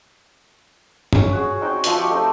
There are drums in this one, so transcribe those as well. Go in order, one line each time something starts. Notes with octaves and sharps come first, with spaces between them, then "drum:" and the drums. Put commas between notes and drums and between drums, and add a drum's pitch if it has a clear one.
C#4, drum: tom
F#4 G#4
C4 D#4 F#4 G5
F3 D#5 E5 G5, drum: hi-hat
G4 G5 C#6
A3 C4 D#4 D#5